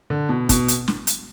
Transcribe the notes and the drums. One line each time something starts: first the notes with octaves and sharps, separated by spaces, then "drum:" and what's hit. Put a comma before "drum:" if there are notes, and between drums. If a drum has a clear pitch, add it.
D3
B2
B2, drum: kick, hi-hat
drum: hi-hat
drum: snare
drum: hi-hat